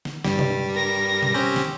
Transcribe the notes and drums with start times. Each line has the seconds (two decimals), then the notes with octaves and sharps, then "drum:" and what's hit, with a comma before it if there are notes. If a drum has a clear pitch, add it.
0.05 drum: snare
0.24 G2 G3, drum: snare
0.39 drum: tom C3
0.72 A#4 A#6
1.23 drum: tom B2
1.34 C4 C#4 G4
1.56 drum: snare